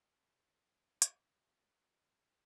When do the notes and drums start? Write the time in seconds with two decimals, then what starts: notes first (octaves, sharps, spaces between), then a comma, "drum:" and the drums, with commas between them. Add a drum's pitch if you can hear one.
0.47 A3 D#4 G#4 B4 C#5 D#5
1.02 drum: hi-hat